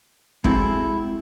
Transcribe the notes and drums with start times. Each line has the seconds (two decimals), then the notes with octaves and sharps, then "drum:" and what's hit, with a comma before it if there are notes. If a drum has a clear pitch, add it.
0.44 G#3 C4 E4 F#4 A4, drum: kick